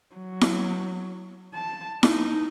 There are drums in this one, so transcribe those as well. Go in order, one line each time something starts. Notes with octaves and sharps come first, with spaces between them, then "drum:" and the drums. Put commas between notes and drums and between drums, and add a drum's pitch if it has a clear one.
F#3
drum: snare E4
A5
D#4, drum: snare E4